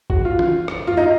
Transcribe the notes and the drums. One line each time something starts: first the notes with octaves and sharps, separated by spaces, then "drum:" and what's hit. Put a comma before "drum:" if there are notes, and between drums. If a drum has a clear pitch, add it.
F#4, drum: kick
F4
drum: tom
drum: rim click
F4
D#4